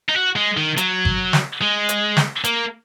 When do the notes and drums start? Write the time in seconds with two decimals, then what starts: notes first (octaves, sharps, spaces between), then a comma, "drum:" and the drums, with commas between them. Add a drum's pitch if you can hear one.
0.09 D#4
0.15 F#4
0.36 G#3
0.57 D#3
0.77 F#3, drum: hi-hat
1.05 drum: kick G#1
1.33 drum: snare
1.61 G#3
1.89 drum: hi-hat
2.17 drum: snare
2.44 A#3, drum: hi-hat